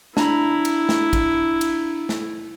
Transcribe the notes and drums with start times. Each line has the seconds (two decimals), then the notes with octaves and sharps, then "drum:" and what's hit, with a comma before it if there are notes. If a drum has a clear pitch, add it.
0.17 D4 E4 A#5 B5, drum: snare
0.65 drum: cymbal
0.89 drum: snare
1.13 drum: kick, cymbal
1.61 drum: cymbal
2.09 drum: snare